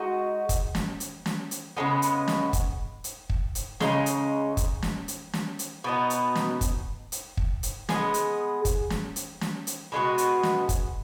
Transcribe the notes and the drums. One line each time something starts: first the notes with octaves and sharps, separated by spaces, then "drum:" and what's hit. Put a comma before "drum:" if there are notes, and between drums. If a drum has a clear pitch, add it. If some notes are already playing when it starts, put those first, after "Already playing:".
Already playing: G#3 D#4 F#4 D#5
drum: kick, hi-hat
drum: snare
drum: hi-hat
drum: snare
drum: hi-hat
C#3 G#3 B3
drum: hi-hat
drum: snare
drum: kick, hi-hat
drum: hi-hat
drum: kick
drum: hi-hat
C#3 G#3 D#4, drum: snare
drum: hi-hat
drum: kick, hi-hat
drum: snare
drum: hi-hat
drum: snare
drum: hi-hat
B2 B3 D#4
drum: hi-hat
drum: snare
drum: kick, hi-hat
drum: hi-hat
drum: kick
drum: hi-hat
G#3 B3 G#4, drum: snare
drum: hi-hat
drum: kick, hi-hat
drum: snare
drum: hi-hat
drum: snare
drum: hi-hat
B2 G#3 B3 F#4
drum: hi-hat
drum: snare
drum: kick, hi-hat